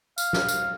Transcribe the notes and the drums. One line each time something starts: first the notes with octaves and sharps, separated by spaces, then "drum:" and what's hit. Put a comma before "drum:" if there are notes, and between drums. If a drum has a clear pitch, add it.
F5, drum: tambourine
drum: snare
drum: tambourine